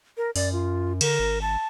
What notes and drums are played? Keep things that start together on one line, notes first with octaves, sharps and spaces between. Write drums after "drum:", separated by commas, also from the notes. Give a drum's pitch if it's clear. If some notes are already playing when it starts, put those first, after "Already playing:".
A#4
F#2 D5, drum: open hi-hat
F4
D3 A#4, drum: cymbal
G#1
A5